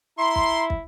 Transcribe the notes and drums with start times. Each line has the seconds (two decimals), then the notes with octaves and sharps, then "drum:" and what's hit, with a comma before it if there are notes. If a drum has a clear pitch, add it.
0.18 E4 A#5 C6
0.35 drum: kick
0.70 drum: kick